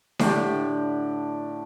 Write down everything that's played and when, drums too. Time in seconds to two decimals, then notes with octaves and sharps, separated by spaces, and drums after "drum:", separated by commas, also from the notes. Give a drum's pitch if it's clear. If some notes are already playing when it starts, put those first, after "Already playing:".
0.19 A2 D3 G4, drum: snare D4